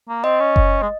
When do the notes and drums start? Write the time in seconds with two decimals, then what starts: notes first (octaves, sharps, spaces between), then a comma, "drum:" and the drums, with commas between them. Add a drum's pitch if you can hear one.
0.09 A#3
0.24 C4 D#5
0.40 C#4
0.56 drum: kick F#1
0.82 G#3